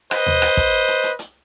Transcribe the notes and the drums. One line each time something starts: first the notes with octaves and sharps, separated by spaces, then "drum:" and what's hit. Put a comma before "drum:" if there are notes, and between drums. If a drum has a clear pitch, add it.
B4 C5 D#5, drum: rim click
drum: tom D#2
drum: rim click
drum: kick, hi-hat
drum: hi-hat
drum: hi-hat
drum: hi-hat